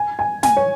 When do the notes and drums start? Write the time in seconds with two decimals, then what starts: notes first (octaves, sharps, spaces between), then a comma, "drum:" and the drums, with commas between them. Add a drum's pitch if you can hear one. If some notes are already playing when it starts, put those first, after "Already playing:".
Already playing: G#5
0.19 G#5
0.43 G#5, drum: snare
0.57 C#5